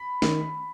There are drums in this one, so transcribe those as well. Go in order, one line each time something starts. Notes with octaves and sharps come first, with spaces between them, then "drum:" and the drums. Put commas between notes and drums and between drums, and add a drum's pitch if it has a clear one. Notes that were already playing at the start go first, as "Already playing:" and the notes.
Already playing: B5
D#3, drum: snare